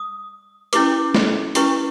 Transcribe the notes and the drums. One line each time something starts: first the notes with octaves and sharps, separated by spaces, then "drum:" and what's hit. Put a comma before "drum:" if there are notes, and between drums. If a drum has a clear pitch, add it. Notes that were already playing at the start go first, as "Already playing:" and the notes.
Already playing: D#6
C#4 E4 G4 B4 D6, drum: hi-hat
drum: snare
C#4 E4 G4 B4 C#6, drum: hi-hat